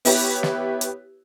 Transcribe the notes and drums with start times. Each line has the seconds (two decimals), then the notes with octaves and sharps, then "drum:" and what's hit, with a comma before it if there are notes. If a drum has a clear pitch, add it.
0.05 B3 E4 G4 B4 C#5, drum: open hi-hat
0.43 drum: snare
0.81 drum: hi-hat